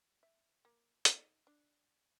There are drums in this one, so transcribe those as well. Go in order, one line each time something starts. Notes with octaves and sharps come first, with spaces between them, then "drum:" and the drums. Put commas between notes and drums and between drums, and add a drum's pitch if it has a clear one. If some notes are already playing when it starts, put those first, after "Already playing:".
E5
A#3
D#4, drum: hi-hat
D4